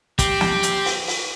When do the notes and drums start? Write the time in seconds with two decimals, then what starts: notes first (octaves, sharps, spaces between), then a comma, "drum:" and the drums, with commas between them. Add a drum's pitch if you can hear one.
0.19 C4 G4, drum: kick, hi-hat
0.41 drum: snare
0.63 drum: hi-hat
0.85 drum: open hi-hat
1.07 drum: open hi-hat